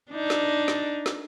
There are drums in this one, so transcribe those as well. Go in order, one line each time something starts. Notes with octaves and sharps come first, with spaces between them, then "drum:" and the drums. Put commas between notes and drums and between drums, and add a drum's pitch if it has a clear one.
D4 D#4
drum: snare
drum: snare
drum: snare